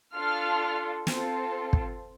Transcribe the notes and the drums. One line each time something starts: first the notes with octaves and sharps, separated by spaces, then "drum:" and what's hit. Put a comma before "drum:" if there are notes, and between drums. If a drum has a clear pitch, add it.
D4 F4 A4 F6
C4 F4 A4, drum: snare
drum: kick